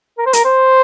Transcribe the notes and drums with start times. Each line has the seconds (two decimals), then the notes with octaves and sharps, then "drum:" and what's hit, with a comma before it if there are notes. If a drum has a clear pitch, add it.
0.18 A#4
0.26 C5
0.33 A#4, drum: hi-hat
0.45 C5